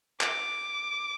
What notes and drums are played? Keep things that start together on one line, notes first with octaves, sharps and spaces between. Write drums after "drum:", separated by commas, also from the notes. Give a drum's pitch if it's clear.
D6, drum: clap